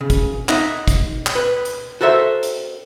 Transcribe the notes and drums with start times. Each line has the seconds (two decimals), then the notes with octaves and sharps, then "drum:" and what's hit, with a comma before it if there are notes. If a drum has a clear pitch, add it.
0.01 C#3
0.10 drum: kick, hi-hat
0.49 D#4 E5 F#5, drum: clap
0.88 drum: kick, hi-hat
1.26 drum: clap
1.35 B4
1.65 drum: hi-hat
2.01 F#4 A4 A#4 C5 E5
2.43 drum: hi-hat